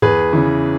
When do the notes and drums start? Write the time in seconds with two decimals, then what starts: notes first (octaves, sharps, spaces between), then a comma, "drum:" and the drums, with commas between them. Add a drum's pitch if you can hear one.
0.02 E2 G#4 B4, drum: tom G2
0.33 C#3 E3